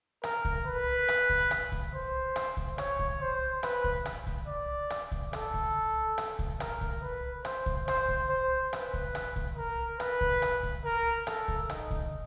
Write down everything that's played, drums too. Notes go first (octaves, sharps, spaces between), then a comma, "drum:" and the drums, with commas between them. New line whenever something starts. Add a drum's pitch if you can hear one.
A#4, drum: rim click
drum: kick C2
B4
drum: rim click
drum: kick C2
drum: rim click
drum: kick C2
C5
drum: rim click
drum: kick C2
C#5, drum: rim click
drum: kick C2
C5
B4, drum: rim click
drum: kick C2
drum: rim click
drum: kick C2
D5
drum: rim click
drum: kick C2
A4, drum: rim click
drum: kick C2
drum: rim click
drum: kick C2
A#4, drum: rim click
drum: kick C2
B4
C5, drum: rim click
drum: kick C2
C5, drum: rim click
drum: kick C2
C5
B4, drum: rim click
drum: kick C2
drum: rim click
drum: kick C2
A#4
B4, drum: rim click
drum: kick C2
drum: rim click
drum: kick C2
A#4
A4, drum: rim click
drum: kick C2
D#4, drum: rim click
drum: kick C2